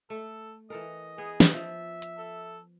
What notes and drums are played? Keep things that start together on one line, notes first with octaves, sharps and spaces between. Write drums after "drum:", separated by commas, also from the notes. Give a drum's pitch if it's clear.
A3 A4
E3 A4 A#4 D#5
B3 G#4
drum: snare
F3 E5
drum: hi-hat
A4